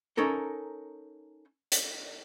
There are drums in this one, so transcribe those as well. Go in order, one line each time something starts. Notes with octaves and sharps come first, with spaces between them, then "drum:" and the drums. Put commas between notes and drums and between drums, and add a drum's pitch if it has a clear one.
C#4 D#4 A4 A#4
drum: hi-hat